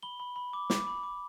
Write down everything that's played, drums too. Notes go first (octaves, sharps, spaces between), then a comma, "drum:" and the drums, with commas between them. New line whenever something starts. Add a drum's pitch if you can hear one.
B5 G7
B5
B5
D6
D6, drum: snare
B5
D6